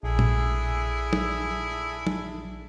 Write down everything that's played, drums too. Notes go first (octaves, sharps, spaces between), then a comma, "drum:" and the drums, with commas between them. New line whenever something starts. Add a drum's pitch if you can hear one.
A#1 D4 E4 G#4 A4
drum: tom
drum: tom
drum: tom